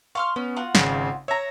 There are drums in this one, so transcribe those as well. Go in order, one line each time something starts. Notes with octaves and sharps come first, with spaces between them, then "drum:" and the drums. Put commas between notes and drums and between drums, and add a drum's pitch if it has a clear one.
F5 C6 C#6 F6
B3 C#4
F4 F#4 F#5
G#1 C#3, drum: snare
C#5 E5 A#5 A#6